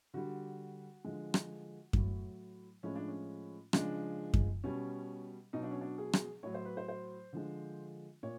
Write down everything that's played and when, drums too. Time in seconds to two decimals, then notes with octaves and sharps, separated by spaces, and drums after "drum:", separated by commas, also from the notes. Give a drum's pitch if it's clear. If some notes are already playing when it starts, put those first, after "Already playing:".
0.14 D3 G3 F#4
1.04 D3 F3 G#3
1.34 drum: rim click
1.93 A2 F#3, drum: kick F#2
2.83 A2 F3 G#3 C#4
2.95 D4
3.08 C#4
3.73 C#3 F3 G#3 D4, drum: rim click
4.34 drum: kick F#2
4.64 B2 G3 C#4
5.53 B2 F#3 D#4
5.63 D4
5.71 C#4
5.81 D4
5.98 G#4
6.13 drum: rim click
6.43 A2 F#3 C#5
6.54 C5
6.65 B4
6.77 C5
6.88 C5
7.33 D3 F3 G#3
8.23 A#2 C#5